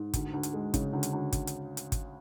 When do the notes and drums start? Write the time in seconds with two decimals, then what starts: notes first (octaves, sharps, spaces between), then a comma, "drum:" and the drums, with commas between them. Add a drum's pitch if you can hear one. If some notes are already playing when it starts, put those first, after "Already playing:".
Already playing: G#2
0.14 D2, drum: kick, hi-hat
0.34 D2
0.43 drum: hi-hat
0.53 G#3
0.74 C#3, drum: kick, hi-hat
0.93 D2
1.03 drum: hi-hat
1.13 D2
1.32 drum: kick, hi-hat
1.47 drum: hi-hat
1.77 drum: hi-hat
1.92 drum: kick, hi-hat